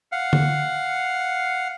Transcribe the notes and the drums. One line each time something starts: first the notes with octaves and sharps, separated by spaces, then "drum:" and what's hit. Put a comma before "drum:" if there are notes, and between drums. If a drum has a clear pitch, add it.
F5 F#5
drum: tom D3